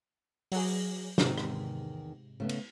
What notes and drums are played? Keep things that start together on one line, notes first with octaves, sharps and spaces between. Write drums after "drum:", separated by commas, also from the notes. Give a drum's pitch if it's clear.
F#3 G#4, drum: open hi-hat
E2 G#2 C3 D#3, drum: snare
drum: rim click
C#3 A3 B3
drum: cymbal